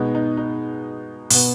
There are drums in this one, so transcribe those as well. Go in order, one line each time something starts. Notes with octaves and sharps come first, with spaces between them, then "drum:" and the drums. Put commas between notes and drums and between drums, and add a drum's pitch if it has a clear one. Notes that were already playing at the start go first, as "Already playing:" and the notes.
Already playing: B2 G#3 B3 D#4
D#4
D#4
B2 B3, drum: open hi-hat